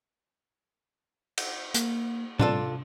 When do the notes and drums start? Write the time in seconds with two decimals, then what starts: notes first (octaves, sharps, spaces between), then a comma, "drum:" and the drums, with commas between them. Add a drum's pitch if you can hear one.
1.38 drum: cymbal
1.74 A#3, drum: hi-hat
2.39 C3 D4 F4 A4, drum: tom A2